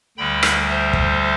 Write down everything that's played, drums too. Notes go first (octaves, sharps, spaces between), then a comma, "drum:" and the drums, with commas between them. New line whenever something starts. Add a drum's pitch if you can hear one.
D2 D3 G3 G5 B5
drum: rim click
C5 E5
drum: kick